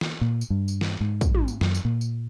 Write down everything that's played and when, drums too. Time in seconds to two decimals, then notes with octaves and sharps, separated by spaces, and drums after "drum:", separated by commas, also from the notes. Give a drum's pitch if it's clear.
0.01 drum: snare
0.21 A#2
0.41 drum: tambourine
0.50 G2
0.68 drum: tambourine
0.81 drum: snare
1.01 G#2
1.21 drum: kick, tambourine
1.35 drum: tom
1.48 drum: tambourine
1.61 F#2, drum: snare
1.75 drum: tambourine
1.85 A#2
2.01 drum: tambourine